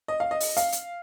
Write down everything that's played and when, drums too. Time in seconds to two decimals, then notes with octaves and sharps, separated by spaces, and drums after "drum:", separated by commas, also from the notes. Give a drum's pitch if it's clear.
0.08 D#5
0.20 F5
0.31 D#5
0.40 drum: open hi-hat
0.57 F5, drum: hi-hat
0.72 drum: hi-hat